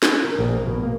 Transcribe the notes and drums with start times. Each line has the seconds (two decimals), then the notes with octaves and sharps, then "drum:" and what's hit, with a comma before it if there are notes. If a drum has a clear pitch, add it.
0.03 drum: snare
0.24 A#4
0.39 A#1
0.55 A#4
0.67 B2
0.83 A#3